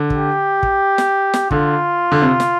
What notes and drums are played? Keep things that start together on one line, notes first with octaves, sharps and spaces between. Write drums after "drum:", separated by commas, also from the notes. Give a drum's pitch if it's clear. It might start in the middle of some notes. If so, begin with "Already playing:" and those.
Already playing: D3
G4, drum: kick
drum: kick
drum: snare
drum: snare
D3 F4, drum: kick
D3
C3
drum: snare